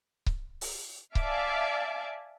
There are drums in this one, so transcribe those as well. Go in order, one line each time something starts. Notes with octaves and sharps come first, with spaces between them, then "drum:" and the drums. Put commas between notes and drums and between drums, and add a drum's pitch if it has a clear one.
drum: kick C#1
drum: open hi-hat
D5 E5 F5 G#5 A5 D6, drum: kick C#1